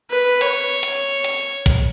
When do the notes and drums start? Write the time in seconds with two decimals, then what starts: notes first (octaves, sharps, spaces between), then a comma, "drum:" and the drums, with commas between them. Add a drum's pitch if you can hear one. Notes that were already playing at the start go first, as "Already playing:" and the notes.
0.10 B4
0.41 C#5, drum: hi-hat
0.83 drum: hi-hat
1.24 drum: hi-hat
1.66 drum: kick, hi-hat